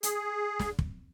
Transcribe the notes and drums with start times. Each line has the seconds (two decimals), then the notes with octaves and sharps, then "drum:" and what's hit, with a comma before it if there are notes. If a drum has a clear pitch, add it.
0.03 G#4, drum: hi-hat
0.60 drum: snare
0.79 drum: kick